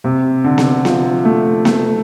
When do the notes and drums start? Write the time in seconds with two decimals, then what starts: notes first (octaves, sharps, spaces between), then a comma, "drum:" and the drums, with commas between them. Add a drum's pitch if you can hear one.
0.04 C3
0.44 D3
0.58 drum: snare B3
0.85 F3, drum: snare B3
1.25 A3
1.65 A3, drum: snare B3